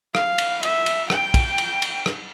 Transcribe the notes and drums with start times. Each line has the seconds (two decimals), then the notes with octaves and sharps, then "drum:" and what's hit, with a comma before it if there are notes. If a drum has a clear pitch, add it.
0.15 F5, drum: rim click
0.38 drum: cymbal
0.63 E5, drum: cymbal
0.86 drum: cymbal
1.10 G5, drum: rim click
1.34 drum: kick, cymbal
1.58 drum: cymbal
1.82 drum: cymbal
2.06 drum: rim click